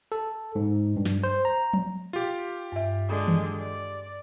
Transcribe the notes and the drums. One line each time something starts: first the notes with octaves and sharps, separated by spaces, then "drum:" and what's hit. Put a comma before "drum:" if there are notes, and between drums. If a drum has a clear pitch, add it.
A4
G#2
G2
drum: snare
C5
A#5
drum: tom F3
F4 G4
G2 E5
D3 G#3
drum: tom D#3
D5